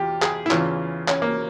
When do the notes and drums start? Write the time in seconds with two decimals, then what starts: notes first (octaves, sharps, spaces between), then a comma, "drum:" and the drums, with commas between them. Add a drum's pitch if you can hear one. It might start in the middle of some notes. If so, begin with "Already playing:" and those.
Already playing: E2 F4 G4
0.22 G#4, drum: clap
0.46 E4
0.51 E2 C#3 E3 F4, drum: clap
1.08 C#4, drum: clap
1.22 A#3